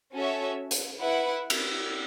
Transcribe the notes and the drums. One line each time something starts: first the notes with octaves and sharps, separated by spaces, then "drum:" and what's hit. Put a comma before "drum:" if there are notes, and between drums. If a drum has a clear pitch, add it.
C#4 F#4 A4 C#5 E5
drum: hi-hat
E4 B4 F#5
drum: cymbal